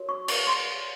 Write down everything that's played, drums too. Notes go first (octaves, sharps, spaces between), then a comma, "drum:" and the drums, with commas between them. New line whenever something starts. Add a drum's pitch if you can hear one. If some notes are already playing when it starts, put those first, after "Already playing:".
Already playing: F#4 A#4 C#5
C#6
C#6, drum: cymbal
C6